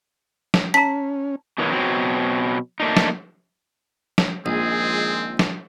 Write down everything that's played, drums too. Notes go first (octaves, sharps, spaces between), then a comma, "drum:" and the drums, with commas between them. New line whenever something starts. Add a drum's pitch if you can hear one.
drum: snare
C#4 A5 A#5 B6
B2 D#3 E3 F#3 A#3
B2 F#3 C4
A3 A#3 D4 D#4
drum: snare
drum: snare
A#1 D#3 F3 G#3 C4 G#4
drum: snare